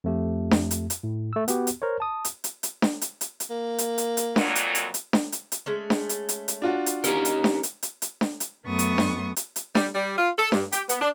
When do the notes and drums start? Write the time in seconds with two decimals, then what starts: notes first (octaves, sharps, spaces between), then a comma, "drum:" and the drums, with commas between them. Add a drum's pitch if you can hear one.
0.04 F2 A3 G4
0.51 drum: snare D4
0.71 drum: hi-hat
0.90 drum: hi-hat
1.03 A2
1.33 A3 E6
1.48 B3 F#4 G4, drum: hi-hat
1.67 drum: hi-hat
1.82 A#4 C5 C#5
2.00 A5 D#6
2.25 drum: hi-hat
2.44 drum: hi-hat
2.63 drum: hi-hat
2.82 drum: snare D4
3.01 drum: hi-hat
3.21 drum: hi-hat
3.40 drum: hi-hat
3.50 A#3
3.78 drum: hi-hat
3.98 drum: hi-hat
4.17 drum: hi-hat
4.36 F2 A#2 F#3, drum: snare D4
4.55 drum: hi-hat
4.75 drum: hi-hat
4.94 drum: hi-hat
5.13 drum: snare D4
5.32 drum: hi-hat
5.52 drum: hi-hat
5.66 G#3 A3 C#4
5.90 drum: snare D4
6.09 drum: hi-hat
6.29 drum: hi-hat
6.48 drum: hi-hat
6.62 D4 F4 F#4
6.86 drum: hi-hat
7.04 C#4 D#4 G4 A#4 D#5, drum: hi-hat
7.25 drum: hi-hat
7.44 drum: snare D4
7.63 drum: hi-hat
7.83 drum: hi-hat
8.02 drum: hi-hat
8.21 drum: snare D4
8.40 drum: hi-hat
8.65 F#2 A3 B3 C#6 D#6
8.79 drum: hi-hat
8.98 drum: snare D4
9.36 drum: hi-hat
9.56 drum: hi-hat
9.75 G3, drum: snare D4
9.95 G3
10.18 F4
10.38 A4
10.52 G2, drum: snare D4
10.72 G4, drum: hi-hat
10.89 B3, drum: hi-hat
11.01 D4